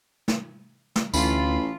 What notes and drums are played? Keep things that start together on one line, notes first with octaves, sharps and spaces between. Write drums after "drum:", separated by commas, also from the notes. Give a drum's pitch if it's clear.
drum: snare
drum: snare
A1 D2 E3 A3 F4 B5, drum: tambourine